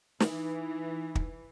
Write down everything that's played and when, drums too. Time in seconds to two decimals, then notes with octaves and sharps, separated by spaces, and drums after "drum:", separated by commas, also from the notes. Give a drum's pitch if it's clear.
0.20 E3 D#4, drum: snare
1.15 drum: kick